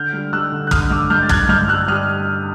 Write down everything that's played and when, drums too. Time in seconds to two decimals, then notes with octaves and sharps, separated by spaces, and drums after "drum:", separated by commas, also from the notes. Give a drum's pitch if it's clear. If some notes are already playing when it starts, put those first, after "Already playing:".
Already playing: D3 F6 G6
0.13 G3
0.33 G3 E6 F#6
0.52 D3
0.67 F#6
0.71 D3 D#6 F6, drum: kick
0.90 G2 D6 E6
1.10 G2 F6 G6
1.22 A6
1.29 G2 F#6 G#6, drum: kick
1.49 G2 F6 G6
1.68 G3 E6 F#6
1.88 G3 D#6 F6